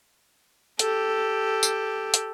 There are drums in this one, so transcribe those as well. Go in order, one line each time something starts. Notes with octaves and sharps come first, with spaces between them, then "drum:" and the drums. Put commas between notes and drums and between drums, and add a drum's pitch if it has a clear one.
G4 A4, drum: hi-hat
drum: tambourine
drum: hi-hat